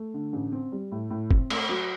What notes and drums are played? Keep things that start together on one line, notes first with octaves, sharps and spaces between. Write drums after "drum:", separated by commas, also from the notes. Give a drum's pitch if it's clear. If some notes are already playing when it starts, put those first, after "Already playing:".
Already playing: A3
D3
A1
C4
G3
A2
A2
C4, drum: kick
A3, drum: cymbal
F#3